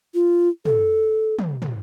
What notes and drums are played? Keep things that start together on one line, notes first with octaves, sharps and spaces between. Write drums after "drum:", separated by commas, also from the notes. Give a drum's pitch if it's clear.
F4
A4, drum: tom
drum: tom
drum: tom